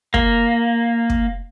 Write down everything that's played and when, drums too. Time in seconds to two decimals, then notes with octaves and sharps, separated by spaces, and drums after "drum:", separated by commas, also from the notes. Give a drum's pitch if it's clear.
0.14 A#3, drum: kick
1.10 drum: kick